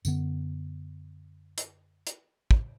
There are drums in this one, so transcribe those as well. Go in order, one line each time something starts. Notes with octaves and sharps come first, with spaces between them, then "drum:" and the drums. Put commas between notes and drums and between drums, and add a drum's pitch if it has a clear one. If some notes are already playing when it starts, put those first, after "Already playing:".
F#2 D3 B3, drum: tambourine
drum: hi-hat
drum: hi-hat
drum: kick